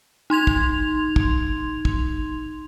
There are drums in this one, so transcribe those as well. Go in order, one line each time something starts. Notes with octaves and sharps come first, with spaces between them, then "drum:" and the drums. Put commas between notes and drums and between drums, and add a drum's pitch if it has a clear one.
D#4 C6 G#6 F7
drum: kick
drum: kick
drum: kick